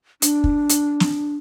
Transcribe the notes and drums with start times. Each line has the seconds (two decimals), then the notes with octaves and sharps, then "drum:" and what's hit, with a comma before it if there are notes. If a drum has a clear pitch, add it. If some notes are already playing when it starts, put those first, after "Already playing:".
0.22 D4, drum: hi-hat
0.44 drum: kick
0.69 drum: hi-hat
1.00 drum: snare